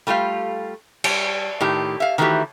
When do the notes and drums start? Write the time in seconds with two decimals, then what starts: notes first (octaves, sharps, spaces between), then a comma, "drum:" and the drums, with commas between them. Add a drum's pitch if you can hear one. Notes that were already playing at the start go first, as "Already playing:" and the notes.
0.07 G3 A3 F4 G4 F5
1.04 G3, drum: cymbal
1.61 A2 D#3 G4
2.00 E5 F5
2.18 D#3 E3 A3 E4 F#4 G4